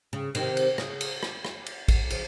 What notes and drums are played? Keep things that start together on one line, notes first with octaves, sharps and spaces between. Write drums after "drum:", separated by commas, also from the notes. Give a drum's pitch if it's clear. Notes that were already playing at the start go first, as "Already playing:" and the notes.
C#3
C3 D#3, drum: cymbal
drum: cymbal
C#3, drum: rim click
drum: cymbal
drum: rim click
drum: rim click
drum: cymbal
drum: kick, cymbal
C#3 F3, drum: cymbal